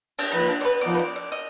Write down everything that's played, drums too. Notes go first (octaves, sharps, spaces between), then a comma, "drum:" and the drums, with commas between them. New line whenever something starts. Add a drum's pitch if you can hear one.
D4, drum: cymbal
F3 A#3 D#4 F4 B4
D4
D5
B4
F3 B3 D#4 D5
B4
D5
D5
D#5